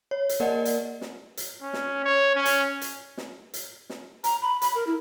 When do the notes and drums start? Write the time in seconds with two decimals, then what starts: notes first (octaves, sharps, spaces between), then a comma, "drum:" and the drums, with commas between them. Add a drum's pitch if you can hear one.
0.11 C#5
0.29 drum: hi-hat
0.40 A#3 A#4 D5 D#5 F#5
0.65 drum: hi-hat
1.01 drum: snare
1.37 drum: hi-hat
1.62 C#4
1.73 drum: snare
2.04 C#5
2.35 C#4
2.45 drum: hi-hat
2.81 drum: hi-hat
3.18 drum: snare
3.54 drum: hi-hat
3.90 drum: snare
4.24 A#5, drum: hi-hat
4.42 B5
4.62 B5, drum: hi-hat
4.75 A#4
4.87 E4